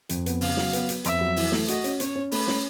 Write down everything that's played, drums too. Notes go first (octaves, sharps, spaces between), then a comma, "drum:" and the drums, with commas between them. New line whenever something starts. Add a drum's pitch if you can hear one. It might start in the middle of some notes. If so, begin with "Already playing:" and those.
F2, drum: hi-hat
B3, drum: hi-hat
C#3 F5, drum: open hi-hat
F#3, drum: snare
B3, drum: hi-hat
B3, drum: hi-hat
F2 E5, drum: hi-hat
F#3
E3, drum: open hi-hat
A3, drum: snare
F#4 D#5, drum: hi-hat
C#4, drum: hi-hat
C#4 C#5, drum: hi-hat
C#4
A3 B4, drum: open hi-hat
C#4, drum: snare